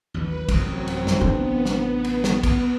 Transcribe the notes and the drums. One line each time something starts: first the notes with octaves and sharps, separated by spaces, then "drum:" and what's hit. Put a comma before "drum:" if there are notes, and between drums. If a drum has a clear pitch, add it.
A1 D#2 F#3 B4
A1 F#2 C3 F#3 C4, drum: kick, cymbal
drum: cymbal
drum: snare
B3 D4
drum: snare
drum: cymbal
drum: snare
drum: kick, cymbal